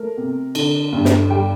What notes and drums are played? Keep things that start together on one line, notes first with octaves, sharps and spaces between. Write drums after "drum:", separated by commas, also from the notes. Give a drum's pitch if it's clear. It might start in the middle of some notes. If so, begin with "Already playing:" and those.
Already playing: A3 A#4
C3
D3, drum: cymbal
G2
drum: snare
G3 G5